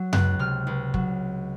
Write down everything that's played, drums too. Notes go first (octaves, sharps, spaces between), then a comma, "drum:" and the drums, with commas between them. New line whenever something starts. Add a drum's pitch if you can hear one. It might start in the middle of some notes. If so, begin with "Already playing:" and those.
Already playing: F#3
C#2 F#6, drum: tom F#2
C3 F6
C#2
F#3, drum: kick